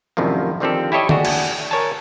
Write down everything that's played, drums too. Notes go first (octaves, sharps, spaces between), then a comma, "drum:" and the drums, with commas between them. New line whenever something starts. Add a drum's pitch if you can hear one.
C2 F#2 A2 C3 D#3 F3
D3 D#3 F3 C4 G4 A4
E4 G4 A4 C#5 D#5
A3 D4 F#4 G#4, drum: tom D3
drum: cymbal
A#4 C#5 G#5 A5